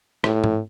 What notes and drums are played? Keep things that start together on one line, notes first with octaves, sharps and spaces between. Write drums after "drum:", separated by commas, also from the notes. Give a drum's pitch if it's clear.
A2, drum: rim click
drum: tom G#2